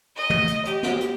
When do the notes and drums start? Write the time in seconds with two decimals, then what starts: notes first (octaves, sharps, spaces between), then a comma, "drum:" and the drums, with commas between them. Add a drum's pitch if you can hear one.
0.16 D#5
0.30 drum: tom
0.47 drum: hi-hat
0.65 G4, drum: hi-hat
0.83 drum: snare
1.00 drum: hi-hat